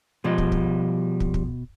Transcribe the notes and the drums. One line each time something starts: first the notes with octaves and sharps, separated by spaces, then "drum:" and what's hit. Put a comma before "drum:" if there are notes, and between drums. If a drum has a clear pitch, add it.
B2 F3 G3 G#3 D#5
drum: kick
drum: kick
drum: kick
drum: kick